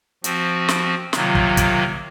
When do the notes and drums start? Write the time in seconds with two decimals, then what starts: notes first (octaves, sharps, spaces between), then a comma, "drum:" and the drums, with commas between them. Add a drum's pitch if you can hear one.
0.24 F3 C4 F#4, drum: hi-hat
0.68 drum: snare
1.13 C3 D#3 F#3 A#3 F4, drum: snare
1.35 drum: kick
1.57 drum: kick, hi-hat